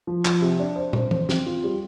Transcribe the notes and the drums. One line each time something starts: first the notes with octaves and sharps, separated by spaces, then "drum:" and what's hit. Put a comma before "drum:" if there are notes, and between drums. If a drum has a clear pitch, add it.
F3
F3, drum: clap
C3
D4
C5
C5, drum: tom
C5, drum: tom E3
C4, drum: snare
F4
G3